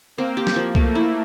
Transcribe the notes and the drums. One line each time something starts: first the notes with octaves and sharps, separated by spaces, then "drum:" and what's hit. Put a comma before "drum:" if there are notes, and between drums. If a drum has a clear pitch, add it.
A#3 C4
G4
drum: snare
F3
A3 A#3, drum: kick C2
E4